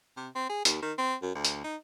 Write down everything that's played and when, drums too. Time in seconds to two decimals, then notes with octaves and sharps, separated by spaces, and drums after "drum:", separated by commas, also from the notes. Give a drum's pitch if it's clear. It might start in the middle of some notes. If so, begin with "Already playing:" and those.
0.17 C3
0.35 C4
0.49 G#4
0.65 D#2, drum: hi-hat
0.82 D#3
0.98 C4
1.22 F#2
1.35 D2
1.45 drum: hi-hat
1.64 D#4